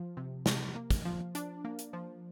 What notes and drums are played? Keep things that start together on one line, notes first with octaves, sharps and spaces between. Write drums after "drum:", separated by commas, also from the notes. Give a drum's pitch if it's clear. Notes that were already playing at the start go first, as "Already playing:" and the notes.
Already playing: F3
C3
C3, drum: snare
A#3
drum: kick, hi-hat
F3
D4, drum: hi-hat
A#3
drum: hi-hat
F3